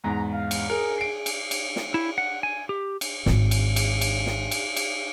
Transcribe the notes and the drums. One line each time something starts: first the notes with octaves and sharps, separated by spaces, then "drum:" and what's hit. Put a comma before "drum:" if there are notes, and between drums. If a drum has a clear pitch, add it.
E2 G#2 A#5
F5
drum: cymbal
G#4 A#4
C7 D7
drum: cymbal
drum: cymbal
drum: snare
E4
F#5
G#5
G4
drum: cymbal
D1 G#1, drum: snare
drum: cymbal
drum: cymbal
drum: cymbal
drum: snare
drum: cymbal
drum: cymbal